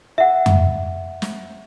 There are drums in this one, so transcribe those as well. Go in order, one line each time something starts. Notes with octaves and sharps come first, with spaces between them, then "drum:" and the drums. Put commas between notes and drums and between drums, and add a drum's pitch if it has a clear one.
E5 F#5
drum: tom F2
drum: snare